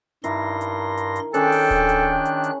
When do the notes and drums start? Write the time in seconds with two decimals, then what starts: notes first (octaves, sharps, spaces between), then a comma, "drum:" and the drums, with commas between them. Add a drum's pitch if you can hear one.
0.24 G2 D#3 E4 A#4 C6 A#6, drum: hi-hat
0.61 drum: hi-hat
0.97 drum: hi-hat
1.16 drum: hi-hat
1.34 D#3 C#4 D4 G#4 A4 G5 F#6, drum: hi-hat
1.52 drum: open hi-hat
1.71 drum: kick D1, hi-hat
1.89 drum: hi-hat
2.25 drum: hi-hat
2.44 drum: hi-hat